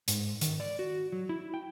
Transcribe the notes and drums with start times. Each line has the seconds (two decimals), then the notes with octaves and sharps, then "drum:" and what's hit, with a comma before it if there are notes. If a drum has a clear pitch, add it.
0.08 G#2, drum: hi-hat
0.41 D#3, drum: hi-hat
0.60 D5
0.79 F#4
1.12 F#3
1.29 E4
1.54 G5